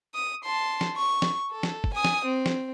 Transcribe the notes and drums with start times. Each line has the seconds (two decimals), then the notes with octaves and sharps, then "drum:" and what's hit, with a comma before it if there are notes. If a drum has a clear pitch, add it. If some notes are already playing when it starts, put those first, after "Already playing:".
0.14 D#6
0.44 A5 C6
0.81 drum: snare
0.97 C#6
1.22 drum: snare
1.51 A4
1.63 drum: snare
1.84 drum: kick
1.94 G#5 D#6
2.04 drum: snare
2.25 C4
2.46 drum: snare